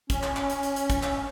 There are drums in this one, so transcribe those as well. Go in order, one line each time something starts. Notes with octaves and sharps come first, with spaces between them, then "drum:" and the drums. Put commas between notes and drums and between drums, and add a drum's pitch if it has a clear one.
C#4, drum: kick, hi-hat
drum: clap
drum: clap
drum: hi-hat
drum: hi-hat
drum: hi-hat
drum: kick, hi-hat
drum: clap